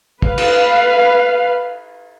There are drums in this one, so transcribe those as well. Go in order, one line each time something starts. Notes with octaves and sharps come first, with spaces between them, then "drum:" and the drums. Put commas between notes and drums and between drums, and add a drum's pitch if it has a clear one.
B4 F5, drum: kick
drum: cymbal